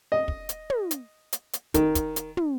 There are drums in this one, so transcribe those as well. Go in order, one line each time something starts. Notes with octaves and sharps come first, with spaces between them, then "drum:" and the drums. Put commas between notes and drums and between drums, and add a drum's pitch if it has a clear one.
D#5
drum: kick
drum: hi-hat
drum: tom
drum: hi-hat
drum: hi-hat
drum: hi-hat
D#3, drum: kick, hi-hat
drum: kick, hi-hat
drum: hi-hat
drum: tom